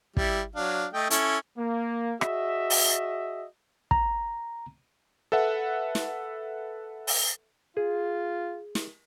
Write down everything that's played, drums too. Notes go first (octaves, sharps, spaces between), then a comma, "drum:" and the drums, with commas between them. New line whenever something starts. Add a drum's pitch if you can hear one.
G3 E4, drum: kick
F#3 D4 F5
A3 D#5 G5
C#4 E4 A4, drum: hi-hat
A#3
F#4 G#4 D#5 E5, drum: rim click
drum: open hi-hat
A#5, drum: kick
A4 B4 E5 F#5
drum: snare
drum: open hi-hat
F4 G#4
drum: snare